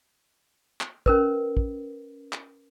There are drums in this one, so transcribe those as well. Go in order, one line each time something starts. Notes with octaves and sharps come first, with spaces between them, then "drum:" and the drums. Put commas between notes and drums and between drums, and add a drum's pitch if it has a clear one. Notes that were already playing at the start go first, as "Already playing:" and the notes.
drum: clap
C#4 A#4 B4, drum: kick
drum: kick
drum: clap